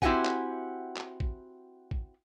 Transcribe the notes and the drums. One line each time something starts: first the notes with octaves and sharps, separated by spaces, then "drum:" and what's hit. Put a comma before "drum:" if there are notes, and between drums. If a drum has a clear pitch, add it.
C4 E4 F#4 G4 F#5 G#5, drum: kick
drum: clap
drum: clap
drum: kick
drum: kick